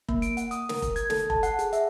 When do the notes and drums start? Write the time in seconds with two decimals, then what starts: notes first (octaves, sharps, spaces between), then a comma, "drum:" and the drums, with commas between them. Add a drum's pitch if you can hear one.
0.09 A#3, drum: kick F1
0.22 D7, drum: hi-hat
0.37 F#5, drum: hi-hat
0.51 D#6, drum: hi-hat
0.69 A#4, drum: snare
0.82 drum: kick F1, hi-hat
0.96 G#6, drum: hi-hat
1.10 A4, drum: snare
1.30 A5, drum: kick F1
1.43 F#5, drum: hi-hat
1.59 G#4, drum: hi-hat
1.73 E5, drum: hi-hat